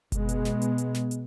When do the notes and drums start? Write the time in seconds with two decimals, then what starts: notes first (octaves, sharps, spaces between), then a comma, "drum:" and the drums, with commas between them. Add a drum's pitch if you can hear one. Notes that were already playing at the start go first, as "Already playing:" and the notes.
0.12 B2 G#3 B3, drum: kick F#1, hi-hat
0.29 drum: hi-hat
0.45 drum: snare
0.62 drum: hi-hat
0.78 drum: hi-hat
0.95 drum: snare
1.11 drum: hi-hat